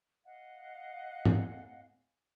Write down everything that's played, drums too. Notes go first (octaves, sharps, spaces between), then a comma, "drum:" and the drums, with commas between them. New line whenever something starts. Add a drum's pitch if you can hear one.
D#5 F5 F#5
drum: tom G#2